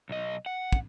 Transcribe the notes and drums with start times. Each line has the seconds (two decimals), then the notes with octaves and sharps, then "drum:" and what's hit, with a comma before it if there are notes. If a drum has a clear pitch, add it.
0.09 B1 D#5
0.46 F#5
0.72 drum: kick